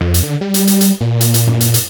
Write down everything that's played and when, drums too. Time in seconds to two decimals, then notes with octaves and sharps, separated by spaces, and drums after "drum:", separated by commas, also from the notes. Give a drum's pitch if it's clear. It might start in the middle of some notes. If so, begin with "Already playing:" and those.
0.01 F2
0.14 drum: hi-hat
0.23 D3
0.41 G3
0.54 drum: hi-hat
0.67 drum: hi-hat
0.81 drum: hi-hat
1.01 A#2
1.21 drum: hi-hat
1.34 drum: hi-hat
1.47 drum: tom F#2
1.61 drum: hi-hat
1.74 drum: hi-hat